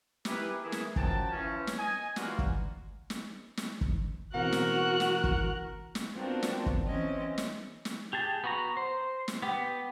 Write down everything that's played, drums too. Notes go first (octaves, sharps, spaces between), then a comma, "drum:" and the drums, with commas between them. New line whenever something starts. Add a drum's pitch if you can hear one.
E4 G4 G#4 A#4 B4, drum: snare
E3 A#3 E4 G#4
drum: snare
F#2 F3 G5 A5, drum: kick
E3 F3 C#4
drum: snare
D#5 G#5
E3 G3 G#3 A#3 F4 F#4, drum: snare
drum: kick
drum: snare
drum: snare
drum: kick
B2 E3 C4 F#4 A#4 F#5 F#6
drum: snare
drum: snare
drum: kick
drum: snare
B3 C4 D4 F4 F#4 A#4
drum: snare
drum: kick
E3 C4 C#4 D#5
drum: snare
drum: snare
G4 G#4 A5
B3 F#4 A#5
C5
drum: snare
B3 G4